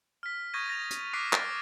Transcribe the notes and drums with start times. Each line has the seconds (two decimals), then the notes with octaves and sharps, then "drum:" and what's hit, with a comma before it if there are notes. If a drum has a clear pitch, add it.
0.23 F6 B6
0.54 C#6 D#6 G6 G#6 A#6 D#7
0.68 A6 A#6 F7
0.90 drum: hi-hat
1.13 C#6 D6 F#6 B6 C7 D7
1.33 F6 A6 C7 D7, drum: clap